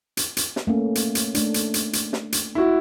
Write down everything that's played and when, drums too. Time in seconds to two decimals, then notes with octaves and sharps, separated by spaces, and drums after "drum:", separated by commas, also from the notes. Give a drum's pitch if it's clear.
0.17 drum: hi-hat
0.37 drum: hi-hat
0.56 drum: snare
0.67 A3 A#3 C#4
0.95 drum: hi-hat
1.15 drum: hi-hat
1.35 A3 D4, drum: hi-hat
1.54 drum: hi-hat
1.74 drum: hi-hat
1.93 drum: hi-hat
2.13 drum: snare
2.32 drum: hi-hat
2.55 E4 F#4